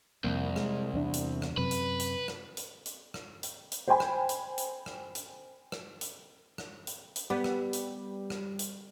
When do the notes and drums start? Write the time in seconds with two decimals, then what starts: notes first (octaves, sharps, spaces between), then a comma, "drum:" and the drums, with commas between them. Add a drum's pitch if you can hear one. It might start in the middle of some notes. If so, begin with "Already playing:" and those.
0.24 C2 F2 A#3
0.56 G#3, drum: rim click
0.93 E2 C4 D4
1.14 drum: hi-hat
1.42 drum: rim click
1.58 F#2 C3 B4
1.71 drum: hi-hat
2.00 drum: hi-hat
2.28 drum: rim click
2.57 drum: hi-hat
2.86 drum: hi-hat
3.14 drum: rim click
3.43 drum: hi-hat
3.72 drum: hi-hat
3.88 C5 G5 G#5 B5
4.00 drum: rim click
4.29 drum: hi-hat
4.58 drum: hi-hat
4.86 drum: rim click
5.15 drum: hi-hat
5.72 drum: rim click
6.01 drum: hi-hat
6.58 drum: rim click
6.87 drum: hi-hat
7.16 drum: hi-hat
7.30 G3 B3
7.44 drum: rim click
7.73 drum: hi-hat
8.30 drum: rim click
8.59 drum: hi-hat